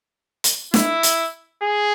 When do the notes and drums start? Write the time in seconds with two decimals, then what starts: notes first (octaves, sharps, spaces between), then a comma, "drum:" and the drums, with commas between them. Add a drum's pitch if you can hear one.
0.44 drum: hi-hat
0.74 E4, drum: snare
1.03 drum: hi-hat
1.63 G#4